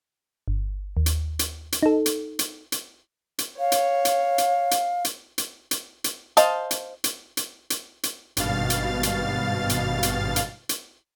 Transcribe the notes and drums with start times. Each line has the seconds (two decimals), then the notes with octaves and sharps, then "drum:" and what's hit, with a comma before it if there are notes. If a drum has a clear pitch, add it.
0.48 G1
0.97 D#2
1.06 drum: hi-hat
1.39 drum: hi-hat
1.72 drum: hi-hat
1.83 D#4 A4
2.06 drum: hi-hat
2.39 drum: hi-hat
2.72 drum: hi-hat
3.38 drum: hi-hat
3.59 C#5 F5
3.72 drum: hi-hat
4.05 drum: hi-hat
4.38 drum: hi-hat
4.71 drum: hi-hat
5.05 drum: hi-hat
5.38 drum: hi-hat
5.71 drum: hi-hat
6.04 drum: hi-hat
6.37 C5 D#5 F5 A5, drum: hi-hat
6.71 drum: hi-hat
7.04 drum: hi-hat
7.37 drum: hi-hat
7.70 drum: hi-hat
8.03 drum: hi-hat
8.37 G#1 G2 B2 F5 A6, drum: hi-hat
8.70 drum: hi-hat
9.03 drum: hi-hat
9.69 drum: hi-hat
10.03 drum: hi-hat
10.36 drum: hi-hat
10.69 drum: hi-hat